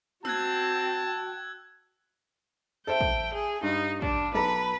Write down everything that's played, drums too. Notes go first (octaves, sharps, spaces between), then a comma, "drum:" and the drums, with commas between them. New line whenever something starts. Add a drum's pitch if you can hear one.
C4 F#4 G5 A5 E6 F#6 G#6, drum: snare
A4 C5 E5 G5
drum: kick
G#4
G2 D#4
D4, drum: kick
B1 A4 B4 A#5